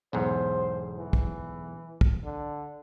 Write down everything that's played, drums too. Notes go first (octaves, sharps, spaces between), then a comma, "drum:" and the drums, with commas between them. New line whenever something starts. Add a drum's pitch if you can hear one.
B1 E2 G#2 C5
E3
drum: kick
drum: kick
D3